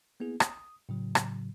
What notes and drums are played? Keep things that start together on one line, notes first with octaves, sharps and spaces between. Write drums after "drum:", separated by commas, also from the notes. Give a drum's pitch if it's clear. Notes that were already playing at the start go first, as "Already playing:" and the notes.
A#3 B3 E4 G#4
D#6, drum: rim click
A2 C#3 F#3
drum: rim click